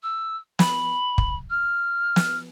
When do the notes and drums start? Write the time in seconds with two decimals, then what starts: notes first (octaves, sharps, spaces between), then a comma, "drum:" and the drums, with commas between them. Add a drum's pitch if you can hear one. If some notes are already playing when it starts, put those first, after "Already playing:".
0.03 E6
0.59 B5, drum: snare
1.18 drum: kick
1.50 F6
2.16 drum: snare